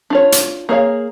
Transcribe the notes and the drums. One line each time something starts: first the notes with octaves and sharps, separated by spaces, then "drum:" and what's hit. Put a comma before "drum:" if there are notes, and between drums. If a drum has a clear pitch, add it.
D4 F4 C#5
drum: hi-hat
A#3 G#4 C#5 F5